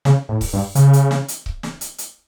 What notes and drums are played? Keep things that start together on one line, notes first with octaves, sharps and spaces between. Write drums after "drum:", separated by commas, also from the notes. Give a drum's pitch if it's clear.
C#3, drum: snare
A2
drum: kick C#1, open hi-hat
G2
C#3, drum: hi-hat
drum: hi-hat
drum: snare
drum: hi-hat
drum: kick C#1
drum: snare
drum: hi-hat
drum: hi-hat